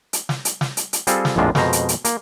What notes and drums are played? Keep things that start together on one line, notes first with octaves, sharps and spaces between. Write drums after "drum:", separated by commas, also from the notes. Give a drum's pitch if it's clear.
drum: hi-hat
drum: snare
drum: hi-hat
drum: snare
drum: hi-hat
drum: hi-hat
G3 C4 F4 G#4 A4, drum: hi-hat
drum: snare
A#1 F2 A2 G#3 D4 F4
F2 B2 G#3 C5 A#5, drum: snare
drum: hi-hat
drum: hi-hat
A#3, drum: hi-hat